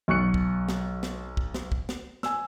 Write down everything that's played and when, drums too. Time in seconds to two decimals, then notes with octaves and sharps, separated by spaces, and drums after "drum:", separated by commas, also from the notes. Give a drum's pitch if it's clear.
0.08 B1 C#6 F#6 C#7
0.34 drum: kick
0.69 drum: snare
1.03 drum: snare
1.37 drum: kick
1.54 drum: snare
1.72 drum: kick
1.89 drum: snare
2.23 G#5 E6, drum: snare